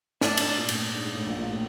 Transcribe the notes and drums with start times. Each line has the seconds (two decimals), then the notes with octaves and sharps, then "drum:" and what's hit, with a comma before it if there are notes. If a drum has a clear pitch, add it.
0.21 A2 D4, drum: snare
0.37 drum: cymbal
0.58 A#2
0.69 A2, drum: cymbal
0.92 G#2
1.15 A2
1.26 A#1 A#2
1.38 A#1 A#2
1.50 A2